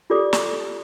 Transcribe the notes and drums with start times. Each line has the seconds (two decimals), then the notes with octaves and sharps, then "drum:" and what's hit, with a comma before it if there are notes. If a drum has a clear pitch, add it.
0.10 F4 G4 A4 D5 D6 D#6
0.33 drum: snare